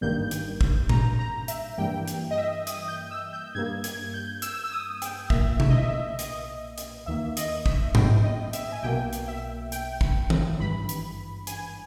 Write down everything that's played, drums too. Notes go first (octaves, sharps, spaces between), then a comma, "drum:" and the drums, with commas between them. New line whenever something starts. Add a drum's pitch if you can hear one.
G#1 G2 D#3 G3 A#3 G6
drum: hi-hat
drum: kick
A#5, drum: tom A#2
A#5
E5, drum: hi-hat
G2 E3 G3 A#3 G5
drum: hi-hat
D#5
E5
D#6, drum: hi-hat
G6
E6
G6
G2 G3 A#3 G#6
G#6, drum: hi-hat
G6
E6, drum: hi-hat
E6
D#6
G5, drum: hi-hat
B1 A#2 A#3 E5, drum: kick
E5, drum: tom B2
D#5
E5
E5
D#5, drum: hi-hat
drum: hi-hat
D#2 D#3 A#3 E5
D#5, drum: hi-hat
E5, drum: kick
G5, drum: tom G#2
D#5
E5, drum: hi-hat
G#5
B1 B2 A#3 G5
drum: hi-hat
E5
G5, drum: hi-hat
drum: kick
drum: tom
G#1 G2 E3 B5
drum: hi-hat
G#5, drum: hi-hat